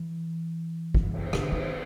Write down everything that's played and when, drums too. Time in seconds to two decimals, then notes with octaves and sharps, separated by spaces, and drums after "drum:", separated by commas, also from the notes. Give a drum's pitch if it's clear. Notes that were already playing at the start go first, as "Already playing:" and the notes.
Already playing: E3
0.94 drum: kick
1.14 drum: cymbal
1.33 D3, drum: rim click
1.52 D#3, drum: cymbal